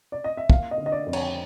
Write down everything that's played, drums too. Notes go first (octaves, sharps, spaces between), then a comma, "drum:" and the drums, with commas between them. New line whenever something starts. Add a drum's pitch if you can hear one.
D5
D#5
E5
A#3 F5, drum: kick
D#5
D3
D#5
D5
F2
C#5, drum: cymbal